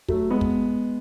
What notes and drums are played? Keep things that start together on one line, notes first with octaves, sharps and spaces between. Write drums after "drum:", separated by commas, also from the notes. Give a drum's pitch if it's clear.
F#3 A3, drum: kick
G#3 B3
drum: kick